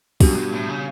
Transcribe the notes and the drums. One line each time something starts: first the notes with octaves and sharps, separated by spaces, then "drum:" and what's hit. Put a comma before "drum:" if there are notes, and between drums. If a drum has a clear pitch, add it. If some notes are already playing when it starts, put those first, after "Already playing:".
F#2 B2 G3 D4 F#4, drum: kick, open hi-hat
G2
A2
C#3